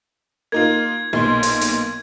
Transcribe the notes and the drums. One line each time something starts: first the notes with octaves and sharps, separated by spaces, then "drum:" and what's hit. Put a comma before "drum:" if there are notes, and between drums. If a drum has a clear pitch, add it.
A#3 D#4 F4 G#6
B1 A#2 C6
drum: hi-hat
drum: hi-hat